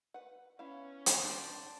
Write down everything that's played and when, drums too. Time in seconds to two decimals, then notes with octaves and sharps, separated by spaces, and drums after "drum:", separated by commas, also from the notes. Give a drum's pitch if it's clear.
0.14 B4 F#5
0.59 B3 C#4 E4 F5
1.06 drum: hi-hat
1.23 D4 C5 D5